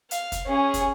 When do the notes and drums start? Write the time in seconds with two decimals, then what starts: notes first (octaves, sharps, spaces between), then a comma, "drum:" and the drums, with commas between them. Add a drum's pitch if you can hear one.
0.11 F5, drum: hi-hat
0.32 drum: kick, hi-hat
0.46 C#4 G#4
0.74 drum: kick, hi-hat